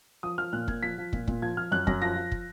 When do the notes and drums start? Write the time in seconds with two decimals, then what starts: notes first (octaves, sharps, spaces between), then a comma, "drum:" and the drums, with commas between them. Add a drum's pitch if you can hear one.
0.23 F3 D#6
0.38 F3 F6
0.53 A#2 F#6
0.68 A#2 G#6, drum: kick
0.83 F3 B6
0.98 F3
1.13 A#2, drum: kick
1.27 A#2, drum: kick
1.42 F3 G#6
1.57 F3 F6
1.72 F#2 F#6
1.87 F#2 A#6, drum: kick
2.02 F3 A#6
2.16 F3
2.31 drum: kick